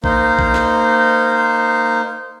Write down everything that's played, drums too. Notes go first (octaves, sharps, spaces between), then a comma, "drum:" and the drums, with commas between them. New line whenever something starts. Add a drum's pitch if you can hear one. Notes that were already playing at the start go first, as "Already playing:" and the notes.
A#3 D#4 C5, drum: kick A#1
drum: kick A#1
drum: snare